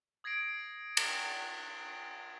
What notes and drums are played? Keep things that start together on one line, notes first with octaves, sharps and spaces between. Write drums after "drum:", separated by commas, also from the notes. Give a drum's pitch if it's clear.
D#6 G#6 A#6 C7 D7
drum: cymbal